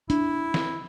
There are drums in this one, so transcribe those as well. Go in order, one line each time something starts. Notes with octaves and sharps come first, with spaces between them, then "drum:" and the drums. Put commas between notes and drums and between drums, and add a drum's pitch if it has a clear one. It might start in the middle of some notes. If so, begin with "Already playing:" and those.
D4 E4, drum: hi-hat
drum: snare